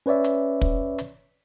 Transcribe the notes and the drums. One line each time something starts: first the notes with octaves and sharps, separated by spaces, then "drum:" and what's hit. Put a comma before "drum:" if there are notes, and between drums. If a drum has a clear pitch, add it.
C#4 B4 C#5 D5 E5
drum: hi-hat
drum: kick
drum: hi-hat